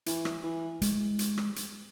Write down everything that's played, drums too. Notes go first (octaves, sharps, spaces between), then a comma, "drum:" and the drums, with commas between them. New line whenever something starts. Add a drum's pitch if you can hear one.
E3, drum: hi-hat
drum: rim click
E3
G#3, drum: hi-hat
drum: hi-hat
drum: rim click
drum: hi-hat